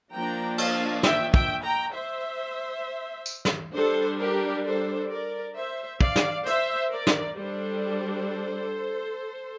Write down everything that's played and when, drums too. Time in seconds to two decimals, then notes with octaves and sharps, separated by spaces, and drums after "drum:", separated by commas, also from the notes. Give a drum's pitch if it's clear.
0.13 F3 A#3 D4 G5 A#5
0.58 F5 A5, drum: cymbal
1.03 E5 G5, drum: snare
1.34 E5 G5, drum: kick
1.64 G5 A#5
1.93 C5 E5
3.26 drum: tambourine
3.45 drum: snare
3.75 G3 D4 A4 C5
4.19 G4 A#4
4.65 A4 C5
5.10 A#4 D5
5.56 C5 E5
6.01 D5 F5, drum: kick
6.16 drum: snare
6.46 C5 E5, drum: hi-hat
6.91 A#4 D5
7.07 drum: snare
7.36 G3 D4 A4 C5